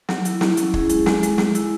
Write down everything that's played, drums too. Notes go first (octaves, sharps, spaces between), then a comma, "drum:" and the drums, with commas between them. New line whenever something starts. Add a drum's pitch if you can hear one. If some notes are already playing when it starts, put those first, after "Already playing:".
F#3, drum: snare
E4, drum: hi-hat
E4, drum: snare
C#4, drum: hi-hat
G#4, drum: kick
G#3, drum: hi-hat
G#3, drum: snare
G#3, drum: hi-hat
G#3, drum: snare
E4, drum: hi-hat